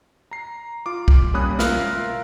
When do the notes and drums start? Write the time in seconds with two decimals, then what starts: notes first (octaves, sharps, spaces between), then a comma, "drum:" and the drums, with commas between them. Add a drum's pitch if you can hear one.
0.31 A#5 C7
0.86 F4 D6
1.08 drum: kick B1
1.34 G3 A#3 C#4 B5 D#6 F#6
1.59 F4 A#4 E5 F5, drum: snare